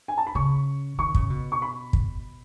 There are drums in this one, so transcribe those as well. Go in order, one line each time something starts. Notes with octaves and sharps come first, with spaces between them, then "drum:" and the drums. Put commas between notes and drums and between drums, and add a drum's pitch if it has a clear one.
G#5
A5
B5
C#3 C#6
D#3 C#6
C#3, drum: kick
B2
C#6
B5
drum: kick